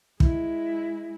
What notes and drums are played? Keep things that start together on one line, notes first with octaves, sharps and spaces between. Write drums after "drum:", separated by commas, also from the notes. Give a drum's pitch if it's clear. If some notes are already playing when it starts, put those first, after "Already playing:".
G#3 E4, drum: kick